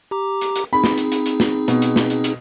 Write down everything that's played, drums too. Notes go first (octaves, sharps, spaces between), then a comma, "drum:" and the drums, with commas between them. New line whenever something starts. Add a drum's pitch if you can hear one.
G4 A#5 D6
drum: hi-hat
drum: hi-hat
C4 D#4 G#4 B5
drum: snare
drum: hi-hat
drum: hi-hat
drum: hi-hat
drum: snare
B2, drum: hi-hat
drum: hi-hat
drum: snare
drum: hi-hat
drum: hi-hat